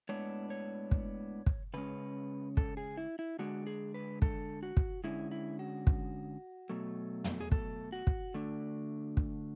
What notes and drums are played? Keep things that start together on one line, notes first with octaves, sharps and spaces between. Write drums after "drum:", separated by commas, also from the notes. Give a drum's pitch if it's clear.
A2 G#3 B3 D4 C#5
C#5
drum: kick
drum: kick
C#3 G#3 C#4 B4
A4, drum: kick
G#4
E4
E4
D3 G#3 D4 F#4
G#4
B4
A4, drum: kick
F#4
drum: kick
D3 G#3 C#4 E4
E4
F#4
drum: kick
B2 F#3 A3
drum: tom
G#4
A4, drum: kick
F#4
drum: kick
D3 A3 D4
drum: kick